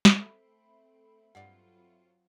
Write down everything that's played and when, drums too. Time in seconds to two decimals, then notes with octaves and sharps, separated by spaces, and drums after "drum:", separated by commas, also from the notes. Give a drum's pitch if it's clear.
0.05 drum: snare
0.20 A3 C4 A4 E5 B5
1.35 G2 F#3 C4 F4 D5 F#5